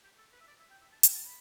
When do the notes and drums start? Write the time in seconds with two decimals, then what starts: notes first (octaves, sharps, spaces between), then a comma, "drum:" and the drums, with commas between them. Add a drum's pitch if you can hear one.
0.04 G4
0.18 A4
0.33 B4
0.40 E5
0.48 D5
0.60 E5
0.71 G5
0.81 E5
0.92 A5
1.03 G5, drum: hi-hat
1.15 A5
1.25 B5